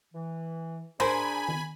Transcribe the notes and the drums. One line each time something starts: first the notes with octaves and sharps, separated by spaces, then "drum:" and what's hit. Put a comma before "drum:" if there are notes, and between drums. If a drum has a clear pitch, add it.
E3
D4 G#4 A#4 C5 G#5 B5, drum: tom A2
drum: tom D#3